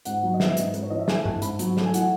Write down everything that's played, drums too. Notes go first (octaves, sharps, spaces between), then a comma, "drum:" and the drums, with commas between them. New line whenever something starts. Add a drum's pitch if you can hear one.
G#2 F#5, drum: hi-hat
F#3
D#5
B3 E5, drum: snare
D#5
G#2, drum: hi-hat
G#2 B4, drum: hi-hat
C#5
E3 D#5
E5
A3 G#5, drum: snare
A5
E4, drum: tom G2
A5
G#2 B5, drum: hi-hat
F#3, drum: hi-hat
A3, drum: snare
G#5
E4 F#5, drum: hi-hat